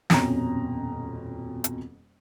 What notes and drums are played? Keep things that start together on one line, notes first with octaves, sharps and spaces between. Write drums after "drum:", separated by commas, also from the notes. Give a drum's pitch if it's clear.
D#1 F2 B2 C#4 A#5, drum: snare
drum: hi-hat